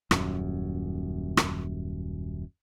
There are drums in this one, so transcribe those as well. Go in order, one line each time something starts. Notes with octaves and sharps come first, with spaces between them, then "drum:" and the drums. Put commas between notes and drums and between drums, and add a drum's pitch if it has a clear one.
D#1 F#2, drum: rim click
drum: rim click